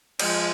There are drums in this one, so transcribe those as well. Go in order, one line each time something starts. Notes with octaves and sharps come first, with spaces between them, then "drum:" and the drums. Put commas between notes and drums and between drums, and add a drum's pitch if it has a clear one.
F3 G#3, drum: cymbal